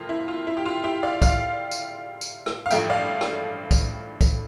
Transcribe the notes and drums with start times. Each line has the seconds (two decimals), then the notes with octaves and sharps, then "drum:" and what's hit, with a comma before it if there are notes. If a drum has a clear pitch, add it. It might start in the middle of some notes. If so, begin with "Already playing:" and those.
Already playing: F2 C3 F3 A#3 F4
0.09 E4
0.28 F4
0.47 E4
0.57 G4
0.66 F4
0.84 E4 G4
1.03 D5 F5
1.22 D5 F5, drum: kick, tambourine
1.71 drum: tambourine
2.21 drum: tambourine
2.46 drum: rim click
2.66 F5
2.71 A1 G2 F3 A3 E5 G5, drum: tambourine
2.90 D5 F5
3.21 drum: rim click
3.71 drum: kick, tambourine
4.21 drum: kick, tambourine